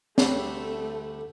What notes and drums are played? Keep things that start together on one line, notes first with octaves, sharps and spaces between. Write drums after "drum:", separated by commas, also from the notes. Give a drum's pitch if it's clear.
D2 D3 G3 A3, drum: snare